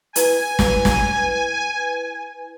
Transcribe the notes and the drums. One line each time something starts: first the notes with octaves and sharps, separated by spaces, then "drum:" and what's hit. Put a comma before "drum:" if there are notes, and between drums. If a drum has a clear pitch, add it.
E4 B4 G#5, drum: hi-hat
drum: snare
drum: snare